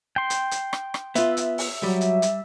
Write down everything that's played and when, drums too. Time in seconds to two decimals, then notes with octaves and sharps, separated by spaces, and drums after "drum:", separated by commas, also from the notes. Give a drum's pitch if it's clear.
0.16 G5 C6
0.30 drum: hi-hat
0.51 drum: hi-hat
0.73 drum: rim click
0.94 drum: rim click
1.15 B3 F4 E5, drum: hi-hat
1.37 drum: hi-hat
1.58 drum: open hi-hat
1.83 F#3 G3
2.01 drum: hi-hat
2.22 drum: hi-hat